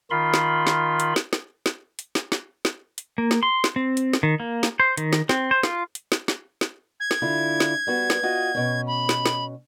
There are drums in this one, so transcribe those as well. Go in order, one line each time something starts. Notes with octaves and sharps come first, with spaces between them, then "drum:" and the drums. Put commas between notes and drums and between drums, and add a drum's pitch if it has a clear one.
D#3 F4 B5 C6
drum: snare
drum: snare
drum: hi-hat
drum: snare
drum: snare
drum: snare
drum: hi-hat
drum: snare
drum: snare
drum: snare
drum: hi-hat
A#3
drum: snare
C6
drum: snare
C4
drum: hi-hat
drum: snare
D#3
A#3
drum: snare
C5
D#3, drum: hi-hat
drum: snare
C4, drum: snare
C5
F4, drum: snare
drum: hi-hat
drum: snare
drum: snare
drum: snare
G#6
drum: snare
D3 E4 F4
drum: snare
G3 B3 F#4
drum: snare
F4 F#4 D#5
B2 C#4
B5
drum: snare
drum: snare